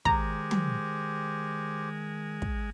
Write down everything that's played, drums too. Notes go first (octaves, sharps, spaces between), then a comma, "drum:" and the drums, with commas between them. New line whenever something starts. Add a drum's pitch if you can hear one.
D#3 G#3 G4 C5 A#5, drum: kick
drum: tom
drum: kick